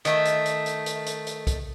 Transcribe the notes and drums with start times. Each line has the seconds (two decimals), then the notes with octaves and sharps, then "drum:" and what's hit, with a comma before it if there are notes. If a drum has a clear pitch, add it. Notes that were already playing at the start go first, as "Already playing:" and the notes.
0.05 D#3 A3, drum: hi-hat
0.25 drum: hi-hat
0.46 drum: hi-hat
0.66 drum: hi-hat
0.86 drum: hi-hat
1.06 drum: hi-hat
1.27 drum: hi-hat
1.47 drum: kick B1, hi-hat